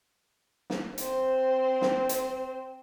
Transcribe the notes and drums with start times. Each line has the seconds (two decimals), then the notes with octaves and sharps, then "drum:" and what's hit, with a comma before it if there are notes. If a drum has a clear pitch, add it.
0.70 drum: snare
0.98 C4 C5, drum: hi-hat
1.81 drum: snare
2.09 drum: hi-hat